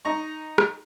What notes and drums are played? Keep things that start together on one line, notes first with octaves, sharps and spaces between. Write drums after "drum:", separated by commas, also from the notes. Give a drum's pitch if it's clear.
D#4 A#5 C#6
drum: rim click